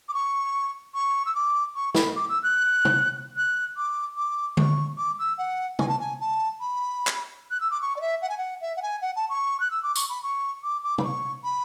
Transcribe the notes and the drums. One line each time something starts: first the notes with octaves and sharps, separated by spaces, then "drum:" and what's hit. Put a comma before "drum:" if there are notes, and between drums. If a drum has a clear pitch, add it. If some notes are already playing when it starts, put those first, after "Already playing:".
D6
C#6
C#6
E6
D6
C#6
B5, drum: snare
D6
E6
F#6
drum: tom
F#6
D6
D6
C#6, drum: tom D3
D6
E6
F#5
G#5, drum: tom
A5
G#5
A5
B5
drum: clap
F#6
E6
D6
C#6
D5
E5
F#5
G#5
F#5
E5
F#5
G#5
F#5
A5
C#6
F#6
E6
D6
C#6, drum: tambourine
B5
C#6
D6
D6
B5, drum: tom
C#6
B5